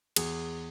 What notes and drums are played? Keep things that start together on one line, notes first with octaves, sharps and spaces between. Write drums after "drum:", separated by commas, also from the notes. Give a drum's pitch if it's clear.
E2 G#4, drum: cymbal